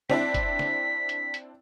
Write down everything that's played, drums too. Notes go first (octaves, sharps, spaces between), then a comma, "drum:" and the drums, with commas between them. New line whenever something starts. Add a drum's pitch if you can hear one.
C4 D4 E4 B6, drum: snare C#3
drum: kick, hi-hat
drum: snare C#3
drum: hi-hat
drum: hi-hat